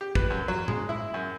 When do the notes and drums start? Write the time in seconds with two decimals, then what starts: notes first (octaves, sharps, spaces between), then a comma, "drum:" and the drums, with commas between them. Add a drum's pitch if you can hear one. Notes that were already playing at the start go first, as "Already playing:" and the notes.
0.01 G4
0.15 B4, drum: kick
0.30 F#2
0.48 F#3
0.68 G#3, drum: tom A2
0.89 E4
1.14 F#2